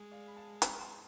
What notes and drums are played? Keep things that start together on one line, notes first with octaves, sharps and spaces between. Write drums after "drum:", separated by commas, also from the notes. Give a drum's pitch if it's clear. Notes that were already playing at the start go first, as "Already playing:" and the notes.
Already playing: G#3
D5 F5
B5
F5 A5
G#5 B5, drum: hi-hat
A5 C6